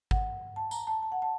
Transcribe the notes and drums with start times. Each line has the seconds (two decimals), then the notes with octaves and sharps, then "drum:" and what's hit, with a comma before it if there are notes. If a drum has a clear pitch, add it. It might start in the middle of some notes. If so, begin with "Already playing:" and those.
0.11 F#5, drum: kick G#1
0.56 A5
0.71 A#5, drum: tambourine
0.87 A5
1.03 A5
1.12 F#5
1.22 A5